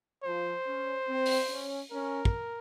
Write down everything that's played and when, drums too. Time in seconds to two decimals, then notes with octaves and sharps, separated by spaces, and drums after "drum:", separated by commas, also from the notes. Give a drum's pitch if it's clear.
0.24 F3 C5
0.66 C#4
1.08 C4
1.26 drum: open hi-hat
1.50 C#4
1.91 C#4 A#4
2.25 drum: kick